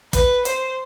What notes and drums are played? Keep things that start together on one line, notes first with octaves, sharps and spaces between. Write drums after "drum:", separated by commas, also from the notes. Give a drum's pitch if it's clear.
B4, drum: kick, hi-hat
C5, drum: hi-hat